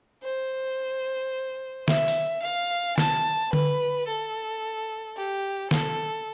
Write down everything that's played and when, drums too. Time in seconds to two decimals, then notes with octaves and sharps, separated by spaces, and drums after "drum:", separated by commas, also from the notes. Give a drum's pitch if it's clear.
0.24 C5
1.88 E5, drum: snare
2.08 drum: open hi-hat
2.43 F5
2.98 A5, drum: snare
3.53 B4, drum: tom D3
4.07 A4
5.17 G4
5.71 A4, drum: snare